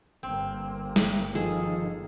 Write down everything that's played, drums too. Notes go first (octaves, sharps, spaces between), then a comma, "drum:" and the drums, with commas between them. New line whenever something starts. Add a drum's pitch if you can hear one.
G1 A#3 C4
drum: snare
D#3 F3 G#4 A4